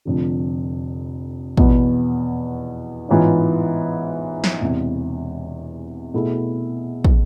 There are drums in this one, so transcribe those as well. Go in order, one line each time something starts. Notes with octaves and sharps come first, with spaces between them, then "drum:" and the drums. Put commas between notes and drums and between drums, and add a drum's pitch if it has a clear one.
F1 F2 D3
E2 B2 B3, drum: kick
A1 G#2 E3 B3 F4
drum: snare
E1 E2 C3
B2 A3 E4 G#4
drum: kick